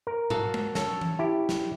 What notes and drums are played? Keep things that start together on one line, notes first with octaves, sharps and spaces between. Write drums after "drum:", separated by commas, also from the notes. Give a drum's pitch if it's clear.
A#4
F#4 A4 F5, drum: tom G#2
drum: tom G#3
C#4 A4 C#5, drum: snare
drum: tom E3
E4 G4
drum: snare